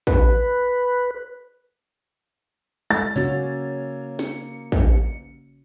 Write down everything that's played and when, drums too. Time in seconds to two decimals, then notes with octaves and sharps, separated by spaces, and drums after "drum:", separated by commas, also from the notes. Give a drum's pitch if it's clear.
0.07 B4, drum: kick A1
2.91 G#3 A6, drum: hi-hat
3.16 C#3 A#3 C#4 F#4 C#5, drum: open hi-hat
4.19 C#7, drum: snare
4.72 drum: kick A1